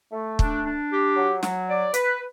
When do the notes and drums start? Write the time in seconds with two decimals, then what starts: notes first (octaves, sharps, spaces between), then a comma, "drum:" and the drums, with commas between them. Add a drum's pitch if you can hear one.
0.13 A3
0.39 D4, drum: kick
0.65 D4
0.91 G4
1.17 F#3
1.43 F#3, drum: snare
1.68 D5
1.94 B4, drum: hi-hat